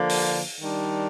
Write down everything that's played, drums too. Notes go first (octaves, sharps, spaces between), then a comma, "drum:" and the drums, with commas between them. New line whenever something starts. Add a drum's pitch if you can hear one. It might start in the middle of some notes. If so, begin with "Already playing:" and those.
Already playing: D3 F3 A#3 D4
drum: open hi-hat
D#3 G3 D4